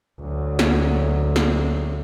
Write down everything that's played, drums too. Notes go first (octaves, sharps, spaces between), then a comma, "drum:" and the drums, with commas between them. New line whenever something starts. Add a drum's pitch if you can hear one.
D2 F#3
drum: snare
drum: snare